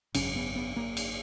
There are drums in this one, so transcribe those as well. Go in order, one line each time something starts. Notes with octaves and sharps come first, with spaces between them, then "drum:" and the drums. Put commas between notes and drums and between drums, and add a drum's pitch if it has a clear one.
G#1 F#2 C#3 C#4, drum: cymbal
B3
B3
A#3
drum: cymbal